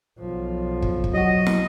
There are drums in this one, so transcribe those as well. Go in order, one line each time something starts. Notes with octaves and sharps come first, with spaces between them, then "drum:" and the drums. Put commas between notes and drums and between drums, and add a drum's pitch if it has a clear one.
B1 F3
drum: kick
drum: kick
F#3 F#4 D#5
drum: snare